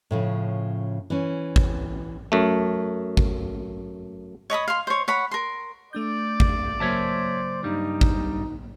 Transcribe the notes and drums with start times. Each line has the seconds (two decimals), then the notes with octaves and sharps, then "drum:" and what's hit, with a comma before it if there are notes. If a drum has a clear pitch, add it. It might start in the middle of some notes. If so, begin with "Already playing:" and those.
0.11 A2 C#3 F3
1.10 E3 C#4
1.56 drum: kick G#1
2.32 F#2 A3
3.17 drum: kick G#1
4.50 C#5 D#5 B5 D#6
4.68 F5 C6
4.87 C5 C#5
5.08 C#5 F#5 B5
5.31 A#4 C6
5.93 A3 D4 D5 G6
6.40 drum: kick G#1
6.80 C#3 F#3 A#3 C5 C#5 E5 A5
7.64 G2 G3 D#4
8.01 drum: kick G#1